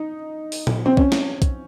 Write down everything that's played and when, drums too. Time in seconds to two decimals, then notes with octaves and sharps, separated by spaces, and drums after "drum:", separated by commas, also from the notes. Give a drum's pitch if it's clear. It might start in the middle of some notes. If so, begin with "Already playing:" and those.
Already playing: D#4
0.52 drum: open hi-hat
0.67 drum: tom A#2
0.86 C4
0.97 C#4, drum: kick
1.12 drum: snare
1.42 drum: kick, hi-hat